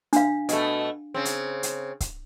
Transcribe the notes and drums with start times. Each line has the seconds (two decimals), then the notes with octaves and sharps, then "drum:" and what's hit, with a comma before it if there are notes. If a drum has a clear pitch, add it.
0.13 D4 F5, drum: hi-hat
0.49 B2 A3, drum: hi-hat
1.14 C#3 C4
1.25 drum: hi-hat
1.63 drum: hi-hat
2.00 drum: kick C#1, hi-hat